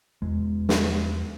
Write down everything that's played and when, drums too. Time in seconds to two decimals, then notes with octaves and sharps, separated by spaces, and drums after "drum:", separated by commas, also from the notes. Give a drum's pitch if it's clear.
0.22 E2 G#3
0.69 drum: snare